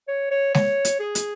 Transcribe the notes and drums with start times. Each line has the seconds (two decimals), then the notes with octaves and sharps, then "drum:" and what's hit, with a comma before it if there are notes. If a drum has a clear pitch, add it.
0.08 C#5
0.31 C#5
0.54 C#5, drum: snare G#3
0.85 drum: hi-hat
1.00 G#4
1.15 drum: hi-hat